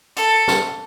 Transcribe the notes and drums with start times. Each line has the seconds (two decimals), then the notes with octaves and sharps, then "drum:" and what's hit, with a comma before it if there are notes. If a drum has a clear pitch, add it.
0.17 A4, drum: hi-hat
0.48 drum: snare